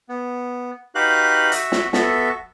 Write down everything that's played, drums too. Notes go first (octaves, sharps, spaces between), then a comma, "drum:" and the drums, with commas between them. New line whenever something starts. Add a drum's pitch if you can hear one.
B3
D#4 F#4 G4 B4 F5 F#6
F#4 E5, drum: hi-hat
drum: snare
B3 F#4 A4 E5, drum: snare